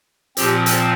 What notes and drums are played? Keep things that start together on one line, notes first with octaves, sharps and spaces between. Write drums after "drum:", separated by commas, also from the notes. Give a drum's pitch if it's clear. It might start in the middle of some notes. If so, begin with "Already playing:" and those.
A#2 F3 C4 G4, drum: hi-hat
drum: hi-hat